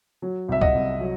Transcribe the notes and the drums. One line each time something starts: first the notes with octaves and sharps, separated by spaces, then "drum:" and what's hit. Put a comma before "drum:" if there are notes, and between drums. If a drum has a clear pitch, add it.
F#3
C2 E5
D#5 F#5, drum: kick
C2
F#3